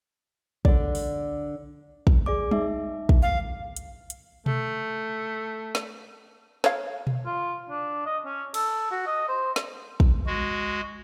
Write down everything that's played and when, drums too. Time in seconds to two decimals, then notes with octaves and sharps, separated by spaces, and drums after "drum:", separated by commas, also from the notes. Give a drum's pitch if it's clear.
0.65 D3 D5, drum: kick
0.95 drum: open hi-hat
2.07 drum: kick
2.26 G#4 D5 D6
2.51 D#4 E5, drum: tom
3.09 drum: kick
3.22 F5
3.76 drum: hi-hat
4.10 drum: hi-hat
4.46 A3, drum: tom B2
5.75 drum: snare
6.64 C#5 F5, drum: snare
7.07 drum: tom B2
7.26 F4
7.70 D4
8.06 D#5
8.25 C#4
8.54 A4, drum: cymbal
8.91 F#4
9.07 D#5
9.28 C5
9.56 drum: snare
10.00 drum: kick
10.27 G#3 F#4